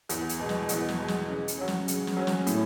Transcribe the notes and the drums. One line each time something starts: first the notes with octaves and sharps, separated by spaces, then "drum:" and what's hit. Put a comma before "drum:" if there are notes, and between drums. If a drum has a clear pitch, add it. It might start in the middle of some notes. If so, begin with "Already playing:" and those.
E2, drum: hi-hat
drum: hi-hat
B2 G#3
drum: snare
E2, drum: hi-hat
drum: snare
B2 G#3
drum: snare
C#3
drum: hi-hat
F#3 C#4
drum: snare
C#3, drum: hi-hat
drum: snare
F#3 C#4
drum: snare
A2, drum: hi-hat